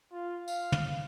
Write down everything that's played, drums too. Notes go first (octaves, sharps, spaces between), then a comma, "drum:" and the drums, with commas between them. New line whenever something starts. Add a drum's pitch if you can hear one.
F4
F5, drum: tambourine
drum: tom